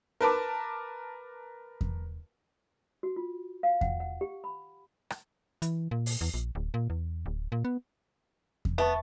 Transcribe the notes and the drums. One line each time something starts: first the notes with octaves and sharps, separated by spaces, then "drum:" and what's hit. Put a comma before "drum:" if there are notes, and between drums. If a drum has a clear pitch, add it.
A#4 B4 A5 D6
drum: kick E2
F#4
F4
F5
F#5, drum: kick E2
F#5
G4
B5
drum: rim click
E3, drum: hi-hat
A#2
drum: open hi-hat
E2
A#1
D1
A#2
E2
D1
A#2
B3
drum: kick E2
B3 E5 A5 C#6